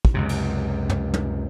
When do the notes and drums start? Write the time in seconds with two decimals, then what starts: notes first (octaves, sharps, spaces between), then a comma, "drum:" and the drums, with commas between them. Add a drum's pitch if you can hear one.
0.05 drum: kick
0.14 C#2 F#2 C3
0.29 drum: cymbal
0.89 drum: tom
1.14 drum: tom